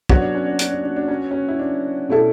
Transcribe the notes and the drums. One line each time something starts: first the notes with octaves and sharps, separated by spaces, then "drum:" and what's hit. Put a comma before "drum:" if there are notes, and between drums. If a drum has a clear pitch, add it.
F#3 B3 D4 F#4 C#5, drum: kick
D4
C#4
D4
D4, drum: hi-hat
D4
D4
D4
C#4
C#4
E4
D4
B2 A3 E4 A4